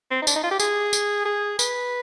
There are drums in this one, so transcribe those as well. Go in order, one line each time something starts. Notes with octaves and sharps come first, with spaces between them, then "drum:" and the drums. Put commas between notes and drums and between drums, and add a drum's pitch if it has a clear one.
C4
D#4
D4, drum: tambourine
D#4
F4
G4
G#4, drum: tambourine
drum: tambourine
G#4
B4, drum: tambourine